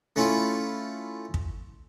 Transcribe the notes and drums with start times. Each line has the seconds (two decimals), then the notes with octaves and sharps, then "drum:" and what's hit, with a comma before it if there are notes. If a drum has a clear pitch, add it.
0.16 A3 C#4 E4 F4
1.34 drum: kick